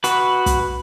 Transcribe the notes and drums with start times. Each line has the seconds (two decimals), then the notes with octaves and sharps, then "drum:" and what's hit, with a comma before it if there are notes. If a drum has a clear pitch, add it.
0.04 F#4 B4, drum: hi-hat
0.46 drum: kick, hi-hat